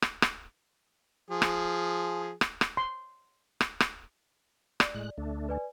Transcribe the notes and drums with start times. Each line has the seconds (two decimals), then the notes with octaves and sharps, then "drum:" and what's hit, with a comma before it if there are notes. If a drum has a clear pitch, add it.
0.02 drum: rim click
0.22 drum: rim click
1.31 F3 G#4
1.42 drum: rim click
2.41 drum: rim click
2.61 drum: rim click
2.77 C6
3.61 drum: rim click
3.80 drum: rim click
4.80 D5, drum: rim click
4.94 A2 G#3 F#6
5.18 D2 A3 D4
5.49 B4 D5 G#5